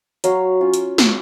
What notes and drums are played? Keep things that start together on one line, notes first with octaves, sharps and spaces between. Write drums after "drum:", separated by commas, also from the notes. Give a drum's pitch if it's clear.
F#3 C#5 F5, drum: hi-hat
C#4 F4
drum: hi-hat
drum: snare